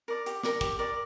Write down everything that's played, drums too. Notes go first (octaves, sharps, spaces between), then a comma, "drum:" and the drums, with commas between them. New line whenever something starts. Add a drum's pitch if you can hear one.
A#4 D5
G4, drum: hi-hat
A#4 D5, drum: snare
G4, drum: kick, hi-hat
A#4 D5